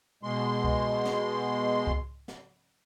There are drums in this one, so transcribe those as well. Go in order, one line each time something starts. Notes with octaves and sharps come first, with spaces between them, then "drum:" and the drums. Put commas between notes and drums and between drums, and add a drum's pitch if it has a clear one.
B2 G#3 C6
drum: kick C2
drum: snare
drum: kick C2
drum: snare